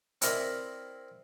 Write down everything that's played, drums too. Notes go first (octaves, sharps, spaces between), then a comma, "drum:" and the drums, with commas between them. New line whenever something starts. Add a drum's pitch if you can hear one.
C4 E4 A#4 D5 D#5 B5, drum: hi-hat